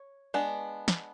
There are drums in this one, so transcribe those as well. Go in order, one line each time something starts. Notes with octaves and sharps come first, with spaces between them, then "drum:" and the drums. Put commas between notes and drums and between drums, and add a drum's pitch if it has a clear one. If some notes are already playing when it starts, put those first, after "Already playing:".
Already playing: C#5
G#3 B3 D4
drum: snare